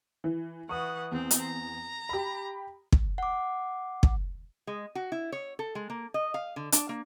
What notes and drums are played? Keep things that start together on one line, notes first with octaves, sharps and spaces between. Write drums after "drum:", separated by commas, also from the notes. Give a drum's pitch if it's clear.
E3
E3 F#5 C#6 D#6
E2 C4
drum: hi-hat
A#5
G4 B5
drum: kick
F#5 D6
drum: kick
G#3
F#4
E4
C#5
A4
G#3
A#3
D#5
F5
D3
D4, drum: hi-hat
A#3